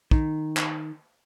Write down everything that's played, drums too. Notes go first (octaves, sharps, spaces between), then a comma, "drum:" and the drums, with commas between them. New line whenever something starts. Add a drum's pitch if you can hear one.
D#3, drum: kick
drum: clap